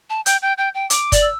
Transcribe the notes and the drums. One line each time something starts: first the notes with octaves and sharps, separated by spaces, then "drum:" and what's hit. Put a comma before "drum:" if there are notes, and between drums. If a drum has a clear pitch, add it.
A5
G5 G6, drum: hi-hat
G5 G6
G5 G6
G5
D6, drum: hi-hat
D5, drum: kick F#1, hi-hat
E6